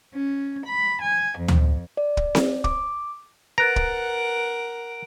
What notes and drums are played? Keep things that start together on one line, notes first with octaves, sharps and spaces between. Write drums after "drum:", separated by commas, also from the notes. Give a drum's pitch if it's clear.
C#4
B5
G#5
F2
drum: tom D2
D5
drum: kick
drum: snare C4
D6, drum: kick
A#4 B4 F#5 A#5 F#6 A6 D7
drum: kick